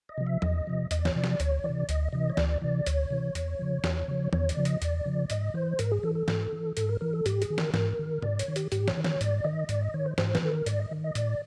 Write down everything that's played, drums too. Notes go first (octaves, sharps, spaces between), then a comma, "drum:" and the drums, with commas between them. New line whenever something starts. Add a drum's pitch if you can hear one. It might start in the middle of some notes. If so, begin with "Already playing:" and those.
D#5
C3 F3
E5
E2 D#5, drum: tom F3
C3 F3
E2 D#5, drum: hi-hat
D5
C#5, drum: snare
C3 F3 D5
drum: snare
D2 C#5, drum: hi-hat
C3 E3 D5
D2 D#5, drum: hi-hat
C3 E3 D#5
C#5
D2 D5, drum: snare
C3 E3 D5
D2 C#5, drum: hi-hat
C3 E3
E2, drum: hi-hat
C#3 F3
E2, drum: snare
C#3 F3
E2 C#5, drum: tom D#3
D5, drum: hi-hat
C#3 F3
D#5, drum: hi-hat
E2 D5, drum: hi-hat
C#3 F3
G#2 D#5, drum: hi-hat
E3 C5
G#2 A#4, drum: hi-hat
G#4
E3 A4
A4
G#2, drum: snare
E3
G#2 A4, drum: hi-hat
A#4
E3 A#4
A4
G#2 G4, drum: hi-hat
G#4, drum: hi-hat
D#3
A#4, drum: snare
G#2 A#4, drum: snare
D#3
G#2 D5, drum: tom C3
C#5, drum: hi-hat
D#3
G4, drum: hi-hat
G#2 G4, drum: hi-hat
C#5, drum: snare
D#3
C#5, drum: snare
G#2 D5, drum: hi-hat
D#3 D#5
G#2 D5, drum: hi-hat
D#5
D#3 C#5
C5
G#2 C5, drum: snare
B4, drum: snare
D#3 A4
A#4
G#2 D5, drum: hi-hat
D#5
D#3
D#5
A2 D5, drum: hi-hat